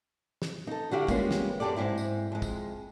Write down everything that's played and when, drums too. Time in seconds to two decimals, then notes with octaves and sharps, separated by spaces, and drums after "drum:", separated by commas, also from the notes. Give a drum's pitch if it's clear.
0.42 drum: snare
0.67 D#4 A4
0.91 D3 E4 F#4 G4 F5
1.08 G3 G#3 A#3 B3 C#4 F4, drum: kick, tambourine
1.31 drum: snare
1.60 F#2 D#3 G4 A4 D5
1.76 G#2 C4 E4
1.98 drum: tambourine
2.32 F2 G#3
2.42 drum: kick, tambourine